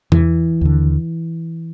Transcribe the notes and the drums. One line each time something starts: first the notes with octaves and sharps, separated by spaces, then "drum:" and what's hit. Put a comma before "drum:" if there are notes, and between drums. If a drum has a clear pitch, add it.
E3, drum: tom E2
D#2 D3